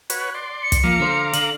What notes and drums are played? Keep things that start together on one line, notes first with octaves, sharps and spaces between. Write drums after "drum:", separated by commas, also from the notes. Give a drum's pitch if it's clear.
F#4 B4 C#5, drum: hi-hat
D5 C6
C#7
drum: kick, hi-hat
F3 A#3 F5 A#5 D6
D3 C5
D3 F#7, drum: hi-hat